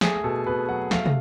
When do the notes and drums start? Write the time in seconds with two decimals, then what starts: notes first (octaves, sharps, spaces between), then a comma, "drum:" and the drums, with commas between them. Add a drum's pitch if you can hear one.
0.01 A3 G#4, drum: snare
0.24 B2 A4
0.46 B2 B4
0.69 F#3 F#5
0.91 A3 F5, drum: snare
1.06 drum: tom